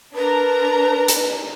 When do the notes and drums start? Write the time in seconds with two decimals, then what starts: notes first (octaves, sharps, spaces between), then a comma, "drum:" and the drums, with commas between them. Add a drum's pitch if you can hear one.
0.15 D4 A#4 B4 A#5
1.08 drum: hi-hat